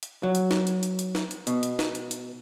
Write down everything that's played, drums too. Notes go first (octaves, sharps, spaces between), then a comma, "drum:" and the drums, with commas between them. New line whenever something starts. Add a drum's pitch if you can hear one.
drum: hi-hat
F#3
drum: hi-hat
drum: snare
drum: hi-hat
drum: hi-hat
drum: hi-hat
drum: snare
drum: hi-hat
B2, drum: hi-hat
drum: hi-hat
drum: snare
drum: hi-hat
drum: hi-hat